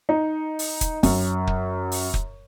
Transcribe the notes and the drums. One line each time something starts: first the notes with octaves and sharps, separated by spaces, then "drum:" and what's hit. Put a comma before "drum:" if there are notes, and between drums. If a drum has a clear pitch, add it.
D#4
drum: open hi-hat
drum: kick, hi-hat
F#2, drum: kick, open hi-hat
drum: kick
drum: open hi-hat
drum: kick